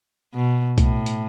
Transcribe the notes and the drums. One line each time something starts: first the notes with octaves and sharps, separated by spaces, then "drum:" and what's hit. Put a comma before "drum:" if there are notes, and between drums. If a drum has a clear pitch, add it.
B2
A2, drum: kick, hi-hat
drum: hi-hat